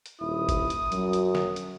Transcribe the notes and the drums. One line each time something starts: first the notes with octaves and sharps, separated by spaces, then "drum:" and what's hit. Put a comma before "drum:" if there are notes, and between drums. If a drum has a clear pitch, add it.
drum: hi-hat
D#1 E4 D#6
drum: kick G1, hi-hat
drum: hi-hat
F#2 F#3, drum: hi-hat
drum: hi-hat
drum: snare
drum: hi-hat